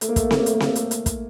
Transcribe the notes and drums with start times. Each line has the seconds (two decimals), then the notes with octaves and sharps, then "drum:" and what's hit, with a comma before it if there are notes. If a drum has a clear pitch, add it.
0.01 A3, drum: hi-hat
0.08 A#3
0.16 A3, drum: kick, hi-hat
0.23 A#3
0.31 A3, drum: snare C4
0.38 A#3
0.46 A3, drum: hi-hat
0.54 A#3
0.60 A3, drum: snare C4
0.68 A#3
0.76 A3, drum: hi-hat
0.91 drum: hi-hat
1.06 drum: kick, hi-hat